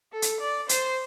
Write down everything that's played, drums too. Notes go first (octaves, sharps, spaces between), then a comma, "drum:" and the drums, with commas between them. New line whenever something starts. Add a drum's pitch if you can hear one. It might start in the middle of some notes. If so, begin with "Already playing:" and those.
A4
drum: hi-hat
D5
C5, drum: hi-hat